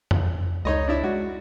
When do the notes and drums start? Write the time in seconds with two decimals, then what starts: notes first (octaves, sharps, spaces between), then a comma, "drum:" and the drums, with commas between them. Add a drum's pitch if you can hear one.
0.11 drum: tom F2
0.65 C#2 D#4 C#5 D#5
0.88 D4 E4 E5
1.04 G#3 F#4